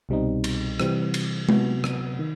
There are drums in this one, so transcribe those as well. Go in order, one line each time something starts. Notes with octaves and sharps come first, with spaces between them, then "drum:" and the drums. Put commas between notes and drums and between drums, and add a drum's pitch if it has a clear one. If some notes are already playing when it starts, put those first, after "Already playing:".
C2 B2 G3 C4 D#4
drum: cymbal
C3 E3 G3 C4, drum: rim click
drum: cymbal
C3 F#3 B3 F#4, drum: tom G#3
drum: rim click
D#3